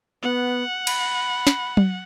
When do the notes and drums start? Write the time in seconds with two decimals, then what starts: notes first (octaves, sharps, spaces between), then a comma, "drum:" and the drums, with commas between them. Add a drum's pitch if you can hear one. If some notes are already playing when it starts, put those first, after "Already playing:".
0.23 B3 F#5
0.87 B5, drum: cymbal
1.47 drum: snare
1.77 drum: tom F#3